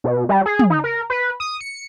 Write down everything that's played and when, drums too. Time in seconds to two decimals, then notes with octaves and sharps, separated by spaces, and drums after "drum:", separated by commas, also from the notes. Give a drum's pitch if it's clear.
0.04 B2
0.29 G3
0.46 G#4
0.59 drum: tom
0.70 D#4
0.84 A#4
1.10 B4
1.40 D#6
1.61 C#7